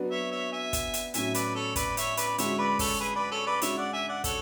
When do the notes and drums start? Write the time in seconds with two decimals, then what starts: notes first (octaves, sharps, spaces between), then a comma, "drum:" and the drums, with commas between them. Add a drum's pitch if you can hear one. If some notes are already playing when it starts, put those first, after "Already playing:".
Already playing: F#3 B3 D4 F#4
0.11 C#5 E5
0.31 C#5 E5
0.52 E5 G#5
0.73 drum: kick, hi-hat
0.94 drum: hi-hat
1.14 A2 F#3 C#4 E5 G#5, drum: hi-hat
1.34 B4 D5, drum: hi-hat
1.55 A4 C#5
1.76 B4 D5, drum: kick, hi-hat
1.97 C#5 E5, drum: hi-hat
2.17 B4 D5, drum: hi-hat
2.38 D3 G#3 C#4 F#4 C#5 E5, drum: hi-hat
2.58 B4 D5
2.79 A4 C#5, drum: kick, open hi-hat
3.00 G#4 B4
3.15 B4 D5
3.31 A4 C#5
3.46 B4 D5
3.61 C#3 G#3 D4 F#4 C#5 E5, drum: hi-hat
3.77 D5 F#5
3.93 E5 G#5
4.09 D5 F#5
4.24 A4 C#5, drum: kick, hi-hat